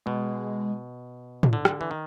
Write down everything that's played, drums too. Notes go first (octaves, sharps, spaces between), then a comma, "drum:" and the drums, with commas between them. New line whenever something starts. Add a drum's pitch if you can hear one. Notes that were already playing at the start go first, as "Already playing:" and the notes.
B2 G#3
drum: tom
D3
drum: rim click
E3
D#3